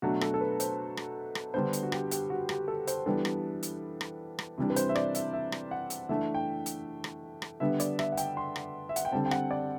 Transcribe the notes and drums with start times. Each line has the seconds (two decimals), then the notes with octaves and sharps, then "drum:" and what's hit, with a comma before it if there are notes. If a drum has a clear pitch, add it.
0.02 B2 F#3 A3 D4 F#4
0.21 A4, drum: rim click
0.34 A4
0.41 B4
0.60 C5, drum: hi-hat
0.97 drum: rim click
1.35 drum: rim click
1.54 D3 G3 B3 D4 C5
1.73 drum: hi-hat
1.83 F#4
1.92 G4, drum: rim click
2.11 G4, drum: hi-hat
2.30 F#4
2.49 G4, drum: rim click
2.68 A4
2.87 C5, drum: hi-hat
3.06 E3 G3 B3 D4 A4
3.25 drum: rim click
3.63 drum: hi-hat
4.01 drum: rim click
4.39 drum: rim click
4.58 C3 E3 G3 D4
4.70 B4
4.76 C5, drum: hi-hat
4.89 E5
4.95 D5, drum: rim click
5.15 E5, drum: hi-hat
5.33 E5
5.52 drum: rim click
5.71 F#5
5.90 drum: hi-hat
6.09 E3 A3 D4 E5
6.34 G5
6.66 drum: hi-hat
7.04 drum: rim click
7.42 drum: rim click
7.60 D3 G3 B3 D4 E5
7.80 D5, drum: hi-hat
7.99 E5, drum: rim click
8.12 F#5
8.17 G5, drum: hi-hat
8.37 C6
8.56 drum: rim click
8.89 E5
8.96 F#5, drum: hi-hat
9.05 G5
9.12 D3 G3 C4 A5
9.26 G5
9.31 F#5, drum: rim click
9.51 D5